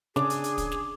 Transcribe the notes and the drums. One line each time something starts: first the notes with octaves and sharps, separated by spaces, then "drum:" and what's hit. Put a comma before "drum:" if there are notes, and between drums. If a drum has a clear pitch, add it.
C#3 D4 G#4 D6, drum: snare
drum: hi-hat
drum: hi-hat
drum: kick, hi-hat
drum: snare